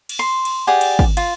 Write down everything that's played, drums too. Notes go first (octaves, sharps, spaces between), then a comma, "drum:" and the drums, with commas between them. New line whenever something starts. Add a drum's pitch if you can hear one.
drum: cymbal
C6
drum: cymbal
G4 G#4 D5 F#5
drum: cymbal
drum: kick
F4, drum: cymbal